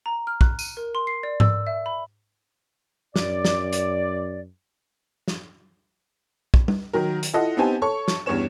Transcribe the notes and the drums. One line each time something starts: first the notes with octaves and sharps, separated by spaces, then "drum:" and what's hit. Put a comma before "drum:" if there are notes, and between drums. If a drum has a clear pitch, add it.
A#5
F6
F#6, drum: kick
D#7, drum: tambourine
A#4
C6
C7
D5
E6, drum: tom G#2
E5
B5
F#2 D5, drum: snare
drum: snare
drum: hi-hat
drum: snare
drum: kick
drum: tom G3
D#3 F#3 A#4
drum: hi-hat
E4 F4 A4 D#5 F#5
B3 C4 D#4 G4 G#5 A5
A4 C#5 C#6
drum: snare
E2 G2 E3 C#4 C#5 E7